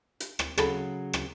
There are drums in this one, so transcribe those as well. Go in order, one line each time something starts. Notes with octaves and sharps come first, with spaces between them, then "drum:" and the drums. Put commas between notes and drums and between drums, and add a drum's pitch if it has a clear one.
drum: hi-hat
drum: rim click
C#3 F#3 G#4 A4 B5, drum: rim click
drum: rim click